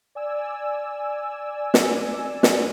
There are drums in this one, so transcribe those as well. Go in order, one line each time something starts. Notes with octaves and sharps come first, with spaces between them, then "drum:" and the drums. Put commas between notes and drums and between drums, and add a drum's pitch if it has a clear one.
D5 G#5 E6
drum: snare
drum: snare